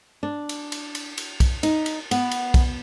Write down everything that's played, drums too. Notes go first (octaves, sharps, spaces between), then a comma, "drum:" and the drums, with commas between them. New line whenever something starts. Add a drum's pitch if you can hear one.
D4
drum: cymbal
drum: cymbal
drum: cymbal
drum: cymbal
drum: kick, cymbal
D#4, drum: cymbal
drum: cymbal
B3, drum: cymbal
drum: cymbal
drum: kick, cymbal